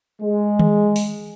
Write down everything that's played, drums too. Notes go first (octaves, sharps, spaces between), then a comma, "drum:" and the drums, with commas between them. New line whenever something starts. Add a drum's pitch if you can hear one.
G#3
drum: tom D#3
drum: open hi-hat